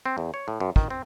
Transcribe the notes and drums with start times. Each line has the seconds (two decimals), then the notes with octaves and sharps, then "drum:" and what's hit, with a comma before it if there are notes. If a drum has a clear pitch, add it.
0.06 C4
0.18 E2
0.34 C#5
0.48 A2
0.60 F#2
0.76 D#3, drum: kick
0.90 C4